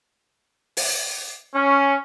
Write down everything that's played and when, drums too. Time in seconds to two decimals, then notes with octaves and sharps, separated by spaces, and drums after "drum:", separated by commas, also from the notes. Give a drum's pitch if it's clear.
0.77 drum: open hi-hat
1.55 C#4